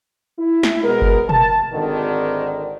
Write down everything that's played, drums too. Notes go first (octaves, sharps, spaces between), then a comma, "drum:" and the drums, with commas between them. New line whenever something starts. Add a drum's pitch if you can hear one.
E4
drum: snare
B2 G#3 B3 A#4
drum: kick F#1
A5, drum: tom
G#1 D3 D#3